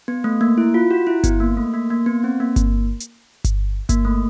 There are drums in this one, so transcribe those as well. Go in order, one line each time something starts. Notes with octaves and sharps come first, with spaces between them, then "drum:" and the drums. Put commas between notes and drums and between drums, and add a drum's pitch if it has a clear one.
B3
A3
A#3
E4
F4
F#4
E4
B3, drum: kick G1, hi-hat
A#3
A3
A#3
A#3
B3
C4
A#3
drum: kick G1, hi-hat
drum: hi-hat
drum: kick G1, hi-hat
A#3, drum: kick G1, hi-hat
A3